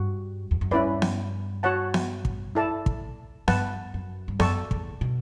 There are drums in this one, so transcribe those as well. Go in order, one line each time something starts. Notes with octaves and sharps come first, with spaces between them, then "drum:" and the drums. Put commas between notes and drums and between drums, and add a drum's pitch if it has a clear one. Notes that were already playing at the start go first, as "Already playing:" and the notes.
Already playing: G2 F#4
E2
F#2
G2 C#4 E4 B4 D5
drum: snare B3
F#4 C#5 F#5 A5
drum: snare B3
drum: kick
E4 A4 D5 A5
drum: kick
G2 B4 F#5 A5, drum: snare B3
F#2
G2
F#2 A4 D5 A5 C#6, drum: snare B3
E2, drum: kick
B2